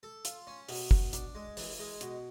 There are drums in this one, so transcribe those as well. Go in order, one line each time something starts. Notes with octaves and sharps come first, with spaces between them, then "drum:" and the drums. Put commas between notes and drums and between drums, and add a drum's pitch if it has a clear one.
A4
F4, drum: hi-hat
C#4
B2, drum: open hi-hat
B2, drum: kick
D4, drum: hi-hat
G#3
E3, drum: open hi-hat
G#3
B2, drum: hi-hat